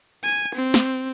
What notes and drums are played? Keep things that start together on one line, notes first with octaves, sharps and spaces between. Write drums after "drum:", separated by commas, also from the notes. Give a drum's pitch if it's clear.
G#5
C4
drum: snare